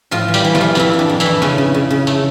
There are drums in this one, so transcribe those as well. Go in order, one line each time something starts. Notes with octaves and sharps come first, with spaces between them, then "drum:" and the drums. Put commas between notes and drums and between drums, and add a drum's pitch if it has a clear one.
A2 F3 F4
E3
G3 G4, drum: tambourine
E3
F3 F4, drum: snare
E3
F2 E3 E4, drum: tambourine
F2
D4
F2
E3 E4, drum: tambourine
A3
C#3 C#4, drum: snare
C#3
C#3
C#3
A3, drum: tambourine